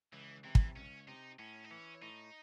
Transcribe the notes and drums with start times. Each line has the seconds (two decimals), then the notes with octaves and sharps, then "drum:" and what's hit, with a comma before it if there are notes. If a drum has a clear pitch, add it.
0.13 C#2 E3
0.44 C3 E3
0.55 drum: kick
0.76 C#2 C#4
1.08 C3 D#4
1.39 A2 C#4
1.64 D#4
1.71 E3 C#4
2.02 A2 D#4